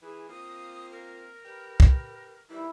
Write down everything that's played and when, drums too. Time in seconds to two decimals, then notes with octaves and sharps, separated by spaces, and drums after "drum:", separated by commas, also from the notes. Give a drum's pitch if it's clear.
0.03 E3 G#4
0.29 A#3 C4 F4 D#6
0.92 A#4
1.46 G4 B4
1.80 drum: kick
2.50 D#3 E3 G3 E4